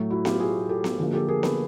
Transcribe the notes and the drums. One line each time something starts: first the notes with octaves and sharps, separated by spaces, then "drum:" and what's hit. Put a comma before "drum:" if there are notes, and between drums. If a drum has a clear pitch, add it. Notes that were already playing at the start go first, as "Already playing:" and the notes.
Already playing: A2 F#3 A3
E4 F#4
F4 G4, drum: snare B3
F#4 G#4
G4 A4
drum: snare B3
D3 F3 A#3 F#4 G#4
G4 A4
G#4 A#4
A4 B4, drum: snare B3